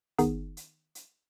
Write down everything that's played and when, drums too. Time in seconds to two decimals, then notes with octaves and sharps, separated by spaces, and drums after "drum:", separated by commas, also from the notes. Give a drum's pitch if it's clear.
0.19 D#3 B3 D#4 G#4, drum: kick, hi-hat
0.57 drum: hi-hat
0.95 drum: hi-hat